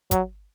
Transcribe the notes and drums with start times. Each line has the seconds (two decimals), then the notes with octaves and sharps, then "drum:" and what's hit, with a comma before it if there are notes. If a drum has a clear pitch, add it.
0.11 F#3, drum: kick, hi-hat